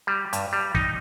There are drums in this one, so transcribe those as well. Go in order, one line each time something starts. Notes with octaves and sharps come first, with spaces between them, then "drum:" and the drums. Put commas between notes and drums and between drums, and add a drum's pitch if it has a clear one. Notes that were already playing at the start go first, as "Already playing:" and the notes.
G3
G2, drum: hi-hat
G3
D#4, drum: kick